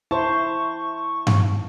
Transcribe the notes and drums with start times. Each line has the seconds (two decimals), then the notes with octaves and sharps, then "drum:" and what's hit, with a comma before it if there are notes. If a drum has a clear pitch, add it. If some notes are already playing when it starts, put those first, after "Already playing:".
0.11 E4 C5 A5 C#6
1.27 drum: tom G2